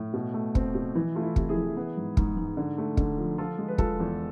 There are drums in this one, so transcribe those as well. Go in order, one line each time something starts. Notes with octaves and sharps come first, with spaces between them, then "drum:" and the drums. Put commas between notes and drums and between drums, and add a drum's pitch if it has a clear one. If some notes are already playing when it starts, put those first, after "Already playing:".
Already playing: A2
B2
A3
C4, drum: kick
B2
E3 E4
A3 F4
E4
C3, drum: kick
E4 G#4
E3
B3
G#2
G#2, drum: kick
G#2
D3
A3
D3, drum: kick
F3
F3 F4 A4
G#3
B4
G#3 F4 A4, drum: kick
E2